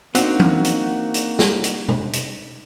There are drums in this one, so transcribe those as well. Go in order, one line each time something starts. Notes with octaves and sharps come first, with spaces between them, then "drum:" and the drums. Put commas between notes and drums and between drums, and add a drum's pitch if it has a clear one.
A#3 C4 D4 D#4 F#4, drum: hi-hat
drum: tom E3
drum: hi-hat
drum: hi-hat
drum: snare
drum: hi-hat
drum: tom B2
drum: hi-hat